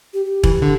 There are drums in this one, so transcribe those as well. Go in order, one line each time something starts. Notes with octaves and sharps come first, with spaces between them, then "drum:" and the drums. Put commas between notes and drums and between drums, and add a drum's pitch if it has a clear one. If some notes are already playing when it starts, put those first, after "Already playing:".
G4
G4
E3, drum: kick E1
D3